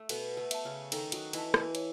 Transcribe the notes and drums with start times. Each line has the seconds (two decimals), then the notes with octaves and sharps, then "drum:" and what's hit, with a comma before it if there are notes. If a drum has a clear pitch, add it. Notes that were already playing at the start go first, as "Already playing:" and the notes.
Already playing: A3
0.09 B2 B3 A4, drum: cymbal
0.37 A3
0.51 E5 A5, drum: cymbal
0.65 C#3 C#4
0.92 D#3 D#4 A4, drum: cymbal
1.12 F#3 F#4, drum: cymbal
1.33 E3 E4 D#5 A5, drum: cymbal
1.54 E3 E4, drum: rim click
1.75 C#5, drum: cymbal